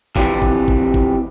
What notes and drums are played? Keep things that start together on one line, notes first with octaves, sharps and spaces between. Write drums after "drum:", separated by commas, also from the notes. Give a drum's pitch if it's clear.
F2 C3 E3 G3, drum: kick
drum: kick
drum: kick
drum: kick